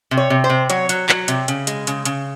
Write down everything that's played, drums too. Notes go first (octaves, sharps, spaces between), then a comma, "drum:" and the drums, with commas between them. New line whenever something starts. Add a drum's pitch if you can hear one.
C3
C#5
C3
C5
C3
F#3 C#5, drum: hi-hat
F#3, drum: hi-hat
F#3, drum: clap
C3, drum: hi-hat
C#3, drum: hi-hat
G#3, drum: hi-hat
C#3, drum: hi-hat
C#3, drum: hi-hat